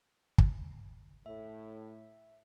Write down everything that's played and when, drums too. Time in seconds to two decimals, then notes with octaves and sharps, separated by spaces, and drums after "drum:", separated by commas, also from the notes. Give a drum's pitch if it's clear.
0.38 drum: kick
1.26 A2 E5